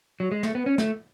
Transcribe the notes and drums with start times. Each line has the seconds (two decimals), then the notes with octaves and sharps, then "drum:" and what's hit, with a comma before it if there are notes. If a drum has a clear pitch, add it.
0.20 F#3
0.31 G#3
0.43 A3, drum: snare
0.55 B3
0.66 C#4
0.78 A3, drum: snare